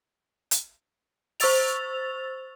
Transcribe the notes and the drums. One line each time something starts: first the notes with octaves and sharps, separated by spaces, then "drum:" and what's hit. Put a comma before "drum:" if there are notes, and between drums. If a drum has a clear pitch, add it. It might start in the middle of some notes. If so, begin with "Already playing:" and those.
drum: hi-hat
C5 C#6 E6 A6 F7, drum: open hi-hat